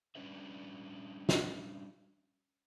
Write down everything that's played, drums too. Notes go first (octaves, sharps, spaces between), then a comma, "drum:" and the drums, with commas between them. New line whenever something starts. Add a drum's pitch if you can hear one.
G3 C#4 D4 B4 E5
drum: snare